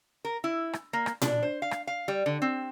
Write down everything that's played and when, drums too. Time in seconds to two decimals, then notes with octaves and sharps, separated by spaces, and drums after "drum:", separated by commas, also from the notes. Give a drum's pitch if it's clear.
0.24 A#4
0.44 E4
0.73 drum: rim click
0.93 A#3
1.06 drum: rim click
1.22 D4, drum: tom A#2
1.42 C5
1.62 F5
1.71 drum: rim click
1.87 F5
2.08 G3
2.26 D3
2.42 C4